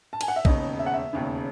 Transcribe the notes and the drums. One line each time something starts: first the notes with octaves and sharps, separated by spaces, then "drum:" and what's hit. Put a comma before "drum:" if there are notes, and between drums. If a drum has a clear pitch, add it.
A5
G#5, drum: cymbal
F#5
E5
E1 D#2 C#3 D#5, drum: kick
E5
F#5
E5
E1 D#2 C#3